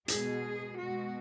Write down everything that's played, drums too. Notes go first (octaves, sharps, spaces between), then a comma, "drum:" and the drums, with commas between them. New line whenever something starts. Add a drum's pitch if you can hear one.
B2 G#3 G#4, drum: hi-hat
B2 G#3 F#4